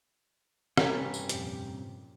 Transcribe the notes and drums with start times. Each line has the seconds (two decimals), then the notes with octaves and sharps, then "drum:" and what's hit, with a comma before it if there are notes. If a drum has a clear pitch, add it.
0.77 G2 C3 C#4 G4 B4 A#5, drum: rim click
1.14 drum: tambourine
1.29 F2 A#2 G4, drum: hi-hat